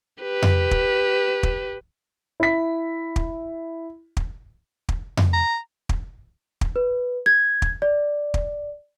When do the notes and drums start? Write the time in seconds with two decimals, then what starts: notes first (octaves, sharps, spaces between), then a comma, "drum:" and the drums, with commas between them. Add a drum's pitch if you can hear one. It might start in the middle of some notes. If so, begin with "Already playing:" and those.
0.23 G4 B4
0.42 drum: tom F2
0.71 drum: kick
1.43 drum: kick
2.40 E4 B6
3.16 drum: kick
4.17 drum: kick
4.89 drum: kick
5.17 drum: tom F2
5.33 A#5
5.89 drum: kick
6.61 drum: kick
6.76 B4
7.26 G#6
7.62 drum: kick
7.82 D5
8.34 drum: kick